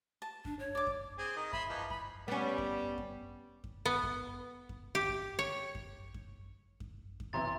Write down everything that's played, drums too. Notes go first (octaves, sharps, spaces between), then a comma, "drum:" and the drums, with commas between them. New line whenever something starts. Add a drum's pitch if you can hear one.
A5
D4, drum: kick F#2
C#5
D5 D6
drum: kick F#2
C4 G#4
D#3 D#5
E5 B5 C6, drum: kick F#2
E3 F3 D#4
B5, drum: kick F#2
G3 B3 C#4
drum: kick F#2
drum: kick F#2
drum: kick F#2
B3
drum: kick F#2
drum: kick F#2
G4
drum: kick F#2
C#5
drum: kick F#2
drum: kick F#2
drum: kick F#2
drum: kick F#2
B1 C3 E3 A#5 C6 A6